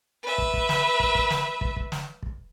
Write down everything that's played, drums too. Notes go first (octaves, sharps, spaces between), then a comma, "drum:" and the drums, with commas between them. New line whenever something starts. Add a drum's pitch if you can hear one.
B4 E5
drum: kick
drum: kick
drum: snare
drum: kick
drum: kick
drum: snare
drum: kick
drum: kick
drum: snare
drum: kick